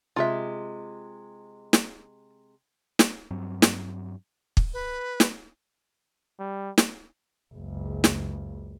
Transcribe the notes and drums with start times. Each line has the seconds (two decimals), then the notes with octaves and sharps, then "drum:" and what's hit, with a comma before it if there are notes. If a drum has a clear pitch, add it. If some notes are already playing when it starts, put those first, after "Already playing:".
0.16 C3 G#3 F4 E5
1.73 drum: snare
2.99 drum: snare
3.31 G2 F#3 C4
3.62 drum: snare
4.57 drum: kick
4.73 B4
5.20 drum: snare
6.39 G3
6.78 drum: snare
7.54 F#1 C#2
8.04 drum: snare